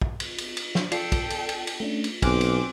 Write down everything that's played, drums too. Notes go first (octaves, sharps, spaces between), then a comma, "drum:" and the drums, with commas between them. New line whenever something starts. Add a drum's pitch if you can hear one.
drum: kick
drum: cymbal
drum: cymbal
drum: cymbal
drum: snare
F4 A4 D5 G5 C7, drum: cymbal
drum: kick, cymbal
drum: cymbal
drum: cymbal
drum: cymbal
A3 C#4 D4
drum: cymbal
B1 C4 G#5 D6 F6 F#6, drum: kick, cymbal
drum: cymbal